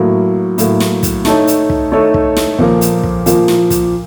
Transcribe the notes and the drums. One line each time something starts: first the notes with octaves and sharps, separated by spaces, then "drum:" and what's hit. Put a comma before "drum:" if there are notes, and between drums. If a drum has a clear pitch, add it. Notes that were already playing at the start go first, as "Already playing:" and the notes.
Already playing: A2 F#3 A#3
A2 F#3 A#3, drum: hi-hat
drum: snare
drum: kick, hi-hat
A3 D#4 A4 C#5, drum: snare
drum: hi-hat
drum: kick
A3 D#4 A4 C#5
drum: kick
drum: snare
A#2 F3 A#3, drum: kick
drum: hi-hat
drum: kick
A#2 F3 A#3, drum: hi-hat
drum: snare
drum: kick, hi-hat